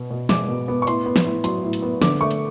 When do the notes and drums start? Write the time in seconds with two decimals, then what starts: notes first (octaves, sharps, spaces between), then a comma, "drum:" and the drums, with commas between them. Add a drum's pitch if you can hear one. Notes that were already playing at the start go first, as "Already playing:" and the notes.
Already playing: B2 B3
0.11 B2
0.29 G#3 D6, drum: snare
0.49 B2
0.68 B3
0.82 C#6
0.87 A2 C6, drum: hi-hat
1.06 B3
1.16 drum: snare
1.26 A2
1.44 F#3 C6, drum: hi-hat
1.63 A2
1.73 drum: hi-hat
1.82 B3
2.02 D3 D6, drum: snare
2.21 A3 C#6
2.31 drum: hi-hat